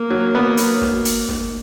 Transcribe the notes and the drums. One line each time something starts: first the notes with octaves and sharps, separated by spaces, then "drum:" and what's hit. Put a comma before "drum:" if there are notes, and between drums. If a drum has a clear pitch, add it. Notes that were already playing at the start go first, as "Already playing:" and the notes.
Already playing: A#3
F#3
B3
F#3, drum: hi-hat
drum: snare
drum: hi-hat
drum: snare